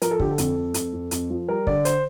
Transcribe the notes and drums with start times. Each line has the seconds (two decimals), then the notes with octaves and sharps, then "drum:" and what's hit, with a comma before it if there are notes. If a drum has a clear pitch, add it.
0.02 F3 A#4, drum: hi-hat
0.11 A4
0.20 D3 G4, drum: kick
0.31 A4
0.38 F2, drum: hi-hat
0.56 F2
0.74 F2, drum: hi-hat
0.93 F2
1.11 F2, drum: hi-hat
1.30 F3
1.48 G3 A#4
1.67 D3 D5, drum: kick
1.85 C5, drum: hi-hat